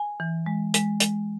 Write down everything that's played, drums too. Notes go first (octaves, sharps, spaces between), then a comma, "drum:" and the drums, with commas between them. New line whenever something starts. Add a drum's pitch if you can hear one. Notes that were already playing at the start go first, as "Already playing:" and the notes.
Already playing: G#5
E3
G#3
G#3, drum: hi-hat
G#3, drum: hi-hat